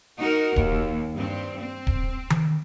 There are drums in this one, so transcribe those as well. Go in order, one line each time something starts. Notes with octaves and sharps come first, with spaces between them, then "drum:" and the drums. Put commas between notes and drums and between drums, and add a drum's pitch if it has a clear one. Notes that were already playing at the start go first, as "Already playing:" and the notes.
D#4 F#4 A#4
D#2, drum: kick D1
G2 C4
C4
drum: kick D1
drum: tom D#3